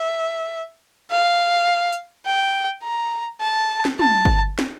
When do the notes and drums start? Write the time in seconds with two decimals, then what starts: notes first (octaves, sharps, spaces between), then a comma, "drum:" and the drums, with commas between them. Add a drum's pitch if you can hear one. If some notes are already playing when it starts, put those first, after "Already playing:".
Already playing: E5
1.11 F5
1.93 drum: hi-hat
2.26 G5
2.83 A#5
3.41 A5
3.85 drum: snare
3.99 A5, drum: tom
4.25 drum: kick G1
4.59 drum: snare